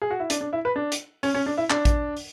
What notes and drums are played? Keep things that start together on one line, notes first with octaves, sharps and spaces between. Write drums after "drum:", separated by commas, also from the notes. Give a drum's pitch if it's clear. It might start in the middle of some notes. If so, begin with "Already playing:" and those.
G#4
F#4
E4
D4, drum: hi-hat
D4
E4
B4
D4
drum: hi-hat
C#4, drum: open hi-hat
C#4
D4
E4
D4, drum: clap
drum: kick, hi-hat
drum: open hi-hat